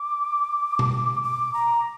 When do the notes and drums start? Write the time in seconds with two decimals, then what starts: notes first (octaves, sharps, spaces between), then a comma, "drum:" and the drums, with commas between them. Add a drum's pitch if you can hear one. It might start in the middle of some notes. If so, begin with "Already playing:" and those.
Already playing: D6
0.79 drum: tom B2
1.23 D6
1.54 A#5